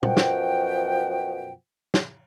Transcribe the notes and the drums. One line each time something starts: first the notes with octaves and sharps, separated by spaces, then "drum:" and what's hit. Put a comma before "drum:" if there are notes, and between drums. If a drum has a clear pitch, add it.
F#2 B2 F3 F#5 G5, drum: tom
drum: snare
drum: snare